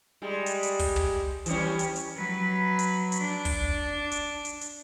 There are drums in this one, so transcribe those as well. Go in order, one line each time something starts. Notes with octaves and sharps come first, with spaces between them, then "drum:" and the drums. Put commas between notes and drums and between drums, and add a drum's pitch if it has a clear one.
G3 G#3
drum: hi-hat
drum: hi-hat
drum: kick, open hi-hat
drum: tom
E3 G3 C#4, drum: hi-hat
drum: hi-hat
drum: hi-hat
F#3 B4
drum: hi-hat
drum: hi-hat
D4
drum: kick, open hi-hat
drum: hi-hat
drum: hi-hat
drum: hi-hat